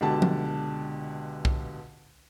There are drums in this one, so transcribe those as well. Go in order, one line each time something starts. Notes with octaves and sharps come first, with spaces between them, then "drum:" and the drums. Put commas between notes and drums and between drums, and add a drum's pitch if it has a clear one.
C#2 B2 D3 G4 A5
drum: tom
drum: kick